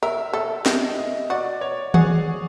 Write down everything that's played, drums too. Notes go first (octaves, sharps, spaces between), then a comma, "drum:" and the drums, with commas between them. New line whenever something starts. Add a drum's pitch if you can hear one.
A#4 E5
A4 E5
G4 D#5, drum: snare
D#5
F#4 D5
C#5
F#4 G#4, drum: tom D#3